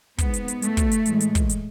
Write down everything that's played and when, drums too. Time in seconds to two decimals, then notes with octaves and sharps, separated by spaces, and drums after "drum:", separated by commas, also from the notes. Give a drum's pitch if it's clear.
0.18 G#2 G#3 B3, drum: kick, hi-hat
0.34 drum: hi-hat
0.48 drum: hi-hat
0.62 A3, drum: hi-hat
0.77 drum: kick, hi-hat
0.91 drum: hi-hat
1.06 A2 E3 G#3, drum: hi-hat
1.20 drum: hi-hat
1.35 drum: kick, hi-hat
1.49 drum: hi-hat